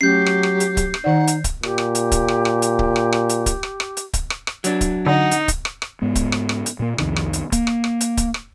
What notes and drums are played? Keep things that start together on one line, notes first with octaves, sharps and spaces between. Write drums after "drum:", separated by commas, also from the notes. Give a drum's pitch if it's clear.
F#3 A3 C#4 G4 G6 C7
drum: rim click
drum: rim click
drum: hi-hat
drum: kick C#1, hi-hat
drum: rim click
D#3 D#4 D5 F#5
drum: hi-hat
drum: kick C#1, hi-hat
A#2 G4, drum: rim click
drum: rim click
drum: hi-hat
drum: kick C#1, hi-hat
drum: rim click
drum: rim click
drum: hi-hat
drum: kick C#1
drum: rim click
drum: rim click
drum: hi-hat
drum: kick C#1, hi-hat
drum: rim click
drum: rim click
drum: hi-hat
drum: kick C#1, hi-hat
drum: rim click
drum: rim click
F#3 D4, drum: hi-hat
drum: kick C#1, hi-hat
D3 D#4 F#5
drum: hi-hat
drum: kick C#1, hi-hat
drum: rim click
drum: rim click
G#2 G#3 B3
drum: kick C#1, hi-hat
drum: rim click
drum: rim click
drum: hi-hat
A#2 A#3
C2 F2 C3 D#3, drum: rim click
drum: rim click
drum: hi-hat
A#3, drum: kick C#1, hi-hat
drum: rim click
drum: rim click
drum: hi-hat
drum: kick C#1, hi-hat
drum: rim click